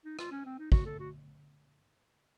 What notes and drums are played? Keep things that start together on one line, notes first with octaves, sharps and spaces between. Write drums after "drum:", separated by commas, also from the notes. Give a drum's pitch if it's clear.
D#4
F4, drum: rim click
C#4
C4
D#4
F#4, drum: kick
A4
F#4